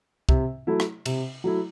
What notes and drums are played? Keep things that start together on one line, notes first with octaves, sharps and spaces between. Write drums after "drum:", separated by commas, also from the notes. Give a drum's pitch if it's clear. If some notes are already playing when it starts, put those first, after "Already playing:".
C3, drum: kick C2
F#3 A3 E4
drum: rim click
C3, drum: cymbal
F#3 A3 E4